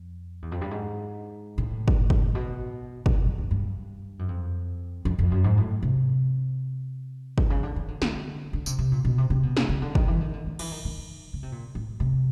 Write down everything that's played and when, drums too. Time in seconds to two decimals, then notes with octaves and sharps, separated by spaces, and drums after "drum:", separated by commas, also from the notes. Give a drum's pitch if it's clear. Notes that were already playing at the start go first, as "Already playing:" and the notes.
Already playing: F2
0.42 E2
0.52 F2
0.61 G2
0.71 G#2
1.58 A2
1.88 drum: kick
2.10 drum: kick
2.35 B2
3.06 B2, drum: kick
3.13 A#2
3.26 F#2
3.38 G2
3.51 G2
4.19 F#2
4.28 F2
5.05 F2
5.19 F2
5.32 F#2
5.44 G#2
5.57 A2
5.82 C3
7.38 B2, drum: kick
7.50 C#3
7.63 D3
7.76 D#3
7.88 D3
8.02 D3, drum: snare
8.53 D3
8.66 C3, drum: tambourine
8.79 C3
8.92 A#2
9.05 B2
9.18 C3
9.30 C3
9.43 B2
9.57 C#3, drum: snare
9.69 C#3
9.82 D3
9.95 D#3, drum: kick
10.08 E3
10.21 D#3
10.33 D3
10.46 D#3
10.59 E3, drum: cymbal
10.72 D#3
10.85 D#3
11.33 C#3
11.43 C3
11.52 A#2
11.75 A2
12.00 C3